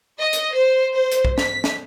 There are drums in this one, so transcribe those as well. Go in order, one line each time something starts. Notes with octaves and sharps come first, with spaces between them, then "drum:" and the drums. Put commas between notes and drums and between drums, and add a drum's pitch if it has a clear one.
D#5
drum: hi-hat
C5
C5
drum: hi-hat
drum: kick B1
B6, drum: snare
drum: snare